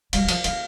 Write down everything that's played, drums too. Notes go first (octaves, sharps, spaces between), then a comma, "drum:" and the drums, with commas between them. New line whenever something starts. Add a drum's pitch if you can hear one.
G3 F5, drum: cymbal
E3
F3 F5, drum: cymbal
E3 F5, drum: cymbal